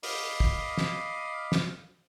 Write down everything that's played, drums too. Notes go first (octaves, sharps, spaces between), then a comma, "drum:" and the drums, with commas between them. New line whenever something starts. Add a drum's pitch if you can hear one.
D#5 F5 B5 D6, drum: open hi-hat
drum: kick
drum: snare
drum: snare